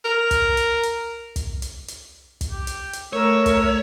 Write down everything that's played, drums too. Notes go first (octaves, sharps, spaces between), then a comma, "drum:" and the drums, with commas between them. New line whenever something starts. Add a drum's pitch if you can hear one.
A#4
drum: kick, hi-hat
drum: hi-hat
drum: hi-hat
drum: kick, hi-hat
drum: hi-hat
drum: hi-hat
drum: kick, hi-hat
G4
drum: hi-hat
drum: hi-hat
A3 A#4 C#5 E6
drum: kick, hi-hat